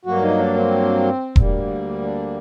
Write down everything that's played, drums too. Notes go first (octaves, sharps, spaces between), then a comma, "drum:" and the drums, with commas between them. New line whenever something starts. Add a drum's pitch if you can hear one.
G2 F#3 A#3 F#4
D#4
D4
C4
D2 D3 G3 A#3, drum: kick E1
D4